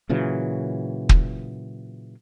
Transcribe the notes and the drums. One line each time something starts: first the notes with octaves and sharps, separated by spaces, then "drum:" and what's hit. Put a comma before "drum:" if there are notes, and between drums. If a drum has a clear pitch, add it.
A#2 C#3 E3 F#3
drum: kick